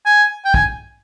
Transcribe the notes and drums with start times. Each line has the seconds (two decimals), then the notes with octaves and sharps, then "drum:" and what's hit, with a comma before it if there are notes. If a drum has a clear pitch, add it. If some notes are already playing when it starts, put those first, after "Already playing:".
0.06 G#5
0.45 G5
0.54 G#5, drum: kick